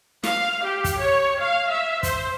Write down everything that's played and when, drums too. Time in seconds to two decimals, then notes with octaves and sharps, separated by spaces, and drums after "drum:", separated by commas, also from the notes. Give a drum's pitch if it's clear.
0.24 F5, drum: snare
0.63 G4
0.84 drum: kick, hi-hat
0.98 C#5
1.39 F5
1.70 E5
2.03 C5, drum: kick, hi-hat